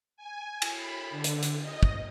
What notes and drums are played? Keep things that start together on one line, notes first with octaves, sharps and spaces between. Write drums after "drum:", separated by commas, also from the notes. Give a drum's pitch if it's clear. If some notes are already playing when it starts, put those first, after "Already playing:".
G#5
drum: cymbal
B5
D3
drum: hi-hat
drum: hi-hat
D#5
drum: kick